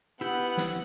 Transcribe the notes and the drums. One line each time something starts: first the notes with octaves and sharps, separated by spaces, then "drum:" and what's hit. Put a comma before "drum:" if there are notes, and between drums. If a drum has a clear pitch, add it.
B3 E4 G4 F#5
drum: snare